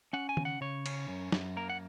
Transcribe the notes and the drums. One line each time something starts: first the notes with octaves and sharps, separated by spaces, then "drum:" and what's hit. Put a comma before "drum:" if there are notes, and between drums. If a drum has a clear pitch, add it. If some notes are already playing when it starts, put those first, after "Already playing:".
C#4 F#5
G#5
C#3, drum: tom D#3
F#5
C#3 C#5
C#4, drum: cymbal
F#2
F#2, drum: snare
A#3 A#4
F#5